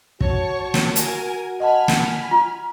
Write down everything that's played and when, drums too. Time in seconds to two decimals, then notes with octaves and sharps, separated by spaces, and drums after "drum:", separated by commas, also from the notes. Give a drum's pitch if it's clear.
0.21 F#4 C#5 A5 C#6, drum: kick
0.74 drum: snare
0.96 A#4 G#5, drum: hi-hat
1.60 D#5 F#5 G#5 A5 B5 F6
1.88 drum: snare
2.31 F4